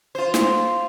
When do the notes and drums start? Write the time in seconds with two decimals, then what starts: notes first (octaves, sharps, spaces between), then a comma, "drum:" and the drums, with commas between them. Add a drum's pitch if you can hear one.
0.15 F4 C5
0.34 drum: snare